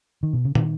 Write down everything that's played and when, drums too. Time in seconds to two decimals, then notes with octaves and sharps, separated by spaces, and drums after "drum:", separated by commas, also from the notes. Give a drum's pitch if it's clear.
0.23 D#3
0.33 B2
0.45 C#3
0.55 D#3, drum: tom